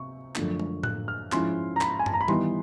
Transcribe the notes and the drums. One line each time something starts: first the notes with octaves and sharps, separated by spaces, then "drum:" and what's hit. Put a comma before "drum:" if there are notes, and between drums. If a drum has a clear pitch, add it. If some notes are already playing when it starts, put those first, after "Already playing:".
Already playing: C3 C#6
F#2 D3 F3 A3 D4, drum: clap
drum: tom G#3
F#6, drum: tom A2
F6
G#2 F3 G#3 C#4 E4 C6, drum: clap
A#5
B5, drum: clap
G#5
A5, drum: tom
A#5
B5
E3 G3 B3 D#4 C6, drum: tom D#3